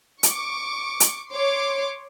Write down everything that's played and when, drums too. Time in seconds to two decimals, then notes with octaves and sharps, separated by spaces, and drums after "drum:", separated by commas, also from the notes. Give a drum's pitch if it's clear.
0.23 C#6 D6, drum: hi-hat
1.00 drum: hi-hat
1.31 C#5 C6 D6